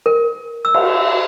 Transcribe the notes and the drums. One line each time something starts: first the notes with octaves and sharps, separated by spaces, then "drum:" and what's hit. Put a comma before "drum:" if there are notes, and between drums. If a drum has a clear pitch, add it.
A#4
E6
drum: cymbal